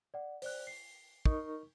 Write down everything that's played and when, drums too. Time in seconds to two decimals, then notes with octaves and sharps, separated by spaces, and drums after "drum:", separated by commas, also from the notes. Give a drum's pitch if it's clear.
0.14 D5 F#5
0.42 C5 D5 F#6, drum: open hi-hat
0.67 C7
1.26 D#4 A#4 C#6, drum: kick